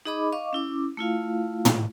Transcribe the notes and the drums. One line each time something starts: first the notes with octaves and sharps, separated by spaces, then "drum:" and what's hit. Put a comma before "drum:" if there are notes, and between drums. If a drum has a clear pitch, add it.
D#4 G#4 D#5 B5 D6
D#5 F5 C#6 D6
C#4 E4 D6
A3 E4 F4 F5
drum: tom